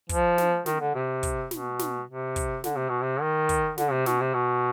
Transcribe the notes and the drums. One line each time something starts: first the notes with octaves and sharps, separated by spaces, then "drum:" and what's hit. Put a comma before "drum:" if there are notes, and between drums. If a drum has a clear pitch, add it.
F3, drum: kick, hi-hat
drum: snare
D#3, drum: snare
D3
C3
drum: kick, hi-hat
B2, drum: snare
drum: snare
C3
drum: kick, hi-hat
D3, drum: snare
C3
B2
C3
D#3
drum: kick, hi-hat
D3, drum: snare
C3
B2, drum: snare
C3
B2